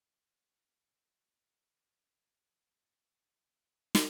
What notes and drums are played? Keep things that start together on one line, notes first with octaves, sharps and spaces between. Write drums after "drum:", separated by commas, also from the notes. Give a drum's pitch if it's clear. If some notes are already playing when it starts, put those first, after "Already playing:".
Already playing: D#2
A3
D#3
C3
D#3
D2
D2
F4
C4
G3
C3
C3
C3
A2
A2
A#1
F3
A2
A#1
G2
D3
A3
G2
drum: snare